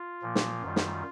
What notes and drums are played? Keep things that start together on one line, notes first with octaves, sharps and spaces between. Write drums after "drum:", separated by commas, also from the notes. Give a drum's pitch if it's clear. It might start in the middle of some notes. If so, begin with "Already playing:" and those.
Already playing: F4
A#2 F3 A#3
drum: snare
F#2 D#3 G3
drum: snare